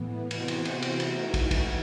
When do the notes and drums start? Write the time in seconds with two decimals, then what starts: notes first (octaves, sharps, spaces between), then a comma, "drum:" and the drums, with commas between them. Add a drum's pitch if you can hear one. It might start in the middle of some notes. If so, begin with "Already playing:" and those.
Already playing: A2 E3 B3
0.31 C3 E3 B3 F#4 C5, drum: cymbal
0.48 drum: cymbal
0.65 drum: cymbal
0.82 drum: cymbal
1.00 E3 A3 D#4 F#4, drum: cymbal
1.34 drum: kick, cymbal
1.51 drum: kick, cymbal